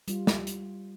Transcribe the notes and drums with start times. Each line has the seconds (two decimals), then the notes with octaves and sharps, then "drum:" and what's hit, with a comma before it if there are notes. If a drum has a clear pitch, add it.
0.08 G3 F4, drum: hi-hat
0.27 drum: snare
0.47 drum: hi-hat